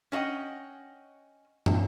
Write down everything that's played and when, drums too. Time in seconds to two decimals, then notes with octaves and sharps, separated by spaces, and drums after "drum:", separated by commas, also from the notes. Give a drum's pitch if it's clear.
0.12 C#4 D4 D#5 F#5 G5
1.66 drum: tom